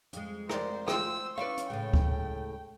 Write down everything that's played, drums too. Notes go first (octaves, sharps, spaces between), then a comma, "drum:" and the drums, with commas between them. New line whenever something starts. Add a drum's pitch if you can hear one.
F2 G#3, drum: hi-hat
A#4 C5 D5, drum: rim click
F4 C5 G5 E6, drum: rim click
C#4 E4 B4 D5 F5 C#6
drum: hi-hat
A2 C#3 G#3 G5
drum: kick D2